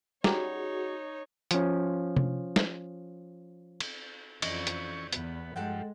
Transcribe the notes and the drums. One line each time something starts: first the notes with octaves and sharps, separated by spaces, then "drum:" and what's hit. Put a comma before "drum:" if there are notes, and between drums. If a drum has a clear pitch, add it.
G3 C#4 D#4 F#4 G#4 C#5 A#5, drum: snare
F3 C#4, drum: hi-hat
drum: tom C3
drum: snare
drum: cymbal
F2 E3 C#4 D5 D#5 C#6, drum: cymbal
drum: hi-hat
E2 B3, drum: hi-hat
G2 F3 G#3 A4 F#5 G5